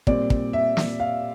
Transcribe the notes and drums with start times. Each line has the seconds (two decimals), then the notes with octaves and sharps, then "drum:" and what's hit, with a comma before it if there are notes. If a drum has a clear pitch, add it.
0.07 A#2 G3 C4 D5, drum: kick
0.30 drum: kick
0.53 E5
0.77 drum: snare
1.00 F5